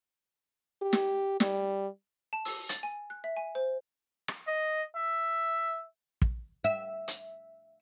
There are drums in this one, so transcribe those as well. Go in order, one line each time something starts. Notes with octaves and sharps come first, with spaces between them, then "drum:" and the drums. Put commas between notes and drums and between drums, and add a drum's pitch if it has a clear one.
G4
drum: snare
G3, drum: snare
A5
E6, drum: open hi-hat
A6, drum: hi-hat
G#5
F#6
E5
G#5
C5
drum: rim click
D#5
E5
drum: kick
E5
drum: hi-hat